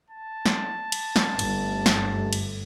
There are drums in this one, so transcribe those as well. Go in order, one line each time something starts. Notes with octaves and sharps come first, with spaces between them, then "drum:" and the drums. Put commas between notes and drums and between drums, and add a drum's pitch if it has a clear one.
A5
drum: snare
drum: cymbal
drum: snare
G1 F#2 A3, drum: cymbal
drum: snare
drum: cymbal